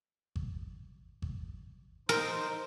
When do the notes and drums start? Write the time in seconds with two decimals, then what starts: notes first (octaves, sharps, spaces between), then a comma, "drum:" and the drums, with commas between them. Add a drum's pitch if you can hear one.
0.36 drum: kick G#1
1.22 drum: kick G#1
2.09 D#4 A#4 C5